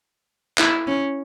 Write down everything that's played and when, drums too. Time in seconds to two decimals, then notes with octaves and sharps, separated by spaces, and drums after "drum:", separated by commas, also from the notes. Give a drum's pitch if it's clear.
0.58 E4, drum: clap
0.87 C#4